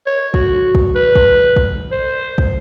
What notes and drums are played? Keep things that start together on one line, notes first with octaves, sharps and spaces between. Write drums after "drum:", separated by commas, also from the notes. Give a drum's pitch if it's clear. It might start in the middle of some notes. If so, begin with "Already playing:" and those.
C#5
F#4, drum: kick
drum: kick
B4
drum: kick
drum: kick
C5
drum: kick